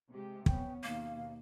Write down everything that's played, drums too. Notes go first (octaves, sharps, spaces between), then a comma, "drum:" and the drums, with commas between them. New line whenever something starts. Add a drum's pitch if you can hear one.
C3 G#3 G4
B3 C#4 G5, drum: kick
D#2 B2 D#3 A#3 F5